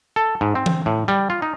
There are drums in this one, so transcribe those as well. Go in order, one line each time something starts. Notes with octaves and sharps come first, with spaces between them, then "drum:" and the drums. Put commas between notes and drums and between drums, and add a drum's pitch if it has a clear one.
A4
G#2
C4
drum: tom E3
A2
G3
F4
D#4